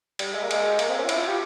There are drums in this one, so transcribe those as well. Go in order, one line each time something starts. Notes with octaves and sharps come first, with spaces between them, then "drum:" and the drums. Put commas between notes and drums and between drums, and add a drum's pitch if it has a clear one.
G3, drum: cymbal
G#3
A#3
G#3, drum: cymbal
A#3, drum: cymbal
C4
C#4
F4
E4, drum: cymbal
F4
G4